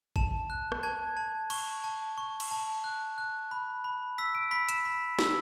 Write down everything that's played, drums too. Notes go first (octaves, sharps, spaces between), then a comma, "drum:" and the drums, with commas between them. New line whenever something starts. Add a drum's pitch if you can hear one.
A5 E7, drum: kick
F#6
drum: rim click
A5 G#6
A5
C#6, drum: cymbal
A5
C#6
drum: cymbal
A5
F#6
F#6
B5
B5
E6 B6
D7
B5 B6
E7, drum: hi-hat
B5
E6, drum: snare